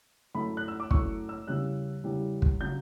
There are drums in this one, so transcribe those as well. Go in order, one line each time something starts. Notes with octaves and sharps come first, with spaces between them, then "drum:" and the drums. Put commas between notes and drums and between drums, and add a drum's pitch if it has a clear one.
F#2 E3 A3 B5
F#6
E6
D6
F#2 E3 A3 C#6, drum: kick
E6
E2 C#3 G3 F#6
E2 C#3 G3
drum: kick
C#3 F#3 G6